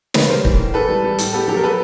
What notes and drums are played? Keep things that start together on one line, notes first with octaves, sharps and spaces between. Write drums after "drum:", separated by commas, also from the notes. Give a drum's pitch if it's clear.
A#3 B4 C#5, drum: snare
G3 A#4 C5
E3, drum: kick
A2
E3 A4 B4
G3
G3
A2, drum: hi-hat
B3 G4 A4
F#3 G4 A4
A#4
B3 A4 B4